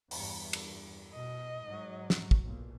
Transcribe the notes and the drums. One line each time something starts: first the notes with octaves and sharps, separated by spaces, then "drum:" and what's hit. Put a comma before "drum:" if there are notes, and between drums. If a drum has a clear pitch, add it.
E2 G2, drum: open hi-hat
drum: cymbal
B2 D#5
G#2 F#3
drum: snare
drum: kick
B1 A#2